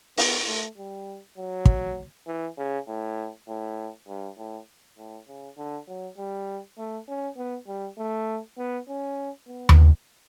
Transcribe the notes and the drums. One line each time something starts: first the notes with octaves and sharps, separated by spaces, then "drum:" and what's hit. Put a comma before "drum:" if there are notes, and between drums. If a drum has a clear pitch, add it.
B3, drum: open hi-hat
A3
G3
F#3
drum: kick
E3
C#3
A2
A2
G2
A2
A2
C#3
D3
F#3
G3
A3
C#4
B3
G3
A3
B3
C#4
B3
drum: tom D#2